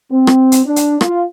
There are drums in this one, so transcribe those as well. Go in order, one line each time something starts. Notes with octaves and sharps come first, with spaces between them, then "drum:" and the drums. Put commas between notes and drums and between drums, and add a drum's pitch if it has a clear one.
C4
drum: rim click
drum: hi-hat
D4
drum: hi-hat
F4, drum: rim click